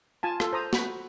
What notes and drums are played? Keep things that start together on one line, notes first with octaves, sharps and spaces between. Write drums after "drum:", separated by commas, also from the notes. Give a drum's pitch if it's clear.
F4 G#5 A5
F4 A4, drum: rim click
C5 A#5 D#6
F#4 B5, drum: snare